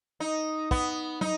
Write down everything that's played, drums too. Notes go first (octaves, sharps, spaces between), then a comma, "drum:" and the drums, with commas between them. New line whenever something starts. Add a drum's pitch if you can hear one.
D#4
B3, drum: kick
D#4, drum: tom